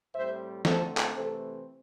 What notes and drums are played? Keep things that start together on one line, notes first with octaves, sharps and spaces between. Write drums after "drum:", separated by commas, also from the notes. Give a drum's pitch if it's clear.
A2 G3 C4 C5 E5
F2 D3 A3 C4 A4 C5, drum: snare
drum: clap
C3 E3 A3 C4 A4 C5